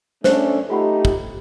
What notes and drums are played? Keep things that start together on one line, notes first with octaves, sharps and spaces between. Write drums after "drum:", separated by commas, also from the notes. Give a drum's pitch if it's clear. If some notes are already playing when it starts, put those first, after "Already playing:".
A3 C#4 D4 B4 C5, drum: snare
A3 D#4 F4 G4 F#5 B5
drum: kick